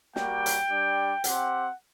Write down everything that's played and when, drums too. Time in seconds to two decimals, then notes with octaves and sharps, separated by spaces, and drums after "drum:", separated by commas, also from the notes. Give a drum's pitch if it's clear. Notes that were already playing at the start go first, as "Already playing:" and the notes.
0.16 G3 A#3 F#4 G5, drum: snare
0.46 drum: hi-hat
0.69 G3 D4 G4
1.24 C4 G4 F#5, drum: hi-hat